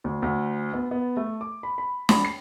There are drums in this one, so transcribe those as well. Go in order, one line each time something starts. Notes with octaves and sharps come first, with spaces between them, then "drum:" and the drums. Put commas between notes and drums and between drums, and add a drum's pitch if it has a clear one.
D2
D2
B3
B3
A3
D6
B5
B5
B5, drum: snare
C7